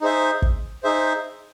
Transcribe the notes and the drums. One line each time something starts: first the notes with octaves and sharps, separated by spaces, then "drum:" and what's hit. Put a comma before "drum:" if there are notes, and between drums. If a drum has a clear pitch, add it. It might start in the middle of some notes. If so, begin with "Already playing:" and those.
D#4 G#4 C5 E5
drum: kick
D#4 G#4 C5 E5